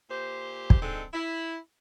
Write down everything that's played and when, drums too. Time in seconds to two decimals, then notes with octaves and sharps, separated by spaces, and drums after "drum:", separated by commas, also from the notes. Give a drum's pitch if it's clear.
0.10 A#2 G4 C5
0.70 drum: kick
0.82 G#3 C4 D4 D#4 A4
1.13 E4